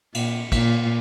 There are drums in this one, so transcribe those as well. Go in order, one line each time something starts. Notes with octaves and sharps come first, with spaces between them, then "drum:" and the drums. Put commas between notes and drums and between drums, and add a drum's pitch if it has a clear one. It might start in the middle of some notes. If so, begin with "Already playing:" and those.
A#2, drum: cymbal
A#2, drum: kick, cymbal